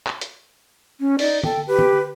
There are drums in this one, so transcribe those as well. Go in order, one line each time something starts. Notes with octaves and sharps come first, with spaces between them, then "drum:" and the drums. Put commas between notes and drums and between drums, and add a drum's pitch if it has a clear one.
drum: clap
drum: hi-hat
C#4
D#4 D5, drum: open hi-hat
A4 G5, drum: tom D3
G4 B4
drum: tom D3